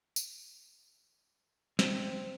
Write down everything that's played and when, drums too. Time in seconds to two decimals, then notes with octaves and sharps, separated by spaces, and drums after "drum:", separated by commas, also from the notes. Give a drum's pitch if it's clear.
0.16 drum: tambourine
1.79 C4, drum: snare